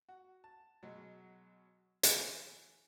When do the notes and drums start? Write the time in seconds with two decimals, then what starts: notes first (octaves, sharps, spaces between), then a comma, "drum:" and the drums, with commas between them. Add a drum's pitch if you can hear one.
0.09 F#4
0.44 A5
0.83 B2 F#3 G#3
2.03 E3 G#5, drum: hi-hat